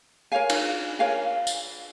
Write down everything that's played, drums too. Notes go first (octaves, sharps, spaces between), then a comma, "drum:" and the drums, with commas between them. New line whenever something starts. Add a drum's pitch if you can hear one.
A#4 C#5 F5 G#5
drum: cymbal
A#4 C#5 F5 G#5
drum: tambourine